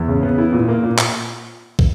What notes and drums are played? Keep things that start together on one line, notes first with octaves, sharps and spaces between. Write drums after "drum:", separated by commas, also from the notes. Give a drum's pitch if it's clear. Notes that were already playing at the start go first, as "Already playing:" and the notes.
Already playing: E2
C#3
B3
E4
A#2
A#3
A#2
drum: clap
drum: kick